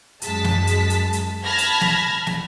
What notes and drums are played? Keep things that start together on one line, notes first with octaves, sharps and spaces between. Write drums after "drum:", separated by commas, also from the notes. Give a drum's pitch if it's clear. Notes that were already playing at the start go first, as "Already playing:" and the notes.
F#2 G#3 A5 B6, drum: hi-hat
drum: snare
drum: hi-hat
drum: hi-hat
drum: hi-hat
A5 B5 F6 G#6 A#6 B6
drum: hi-hat
drum: snare
drum: snare